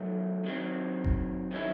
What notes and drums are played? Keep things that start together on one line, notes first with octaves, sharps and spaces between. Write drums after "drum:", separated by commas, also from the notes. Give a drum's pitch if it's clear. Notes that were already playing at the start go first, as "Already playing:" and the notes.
Already playing: F#2 D#3 F#3 A3
D#3 F#3 C4
drum: kick F#1
D#3 F#3 C#4 E4